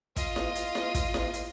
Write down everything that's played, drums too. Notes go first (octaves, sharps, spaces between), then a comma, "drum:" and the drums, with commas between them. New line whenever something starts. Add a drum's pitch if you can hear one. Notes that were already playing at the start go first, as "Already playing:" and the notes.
F4 D#5, drum: kick, hi-hat
drum: snare E4
drum: hi-hat
drum: snare E4
drum: kick, hi-hat
drum: snare E4
drum: hi-hat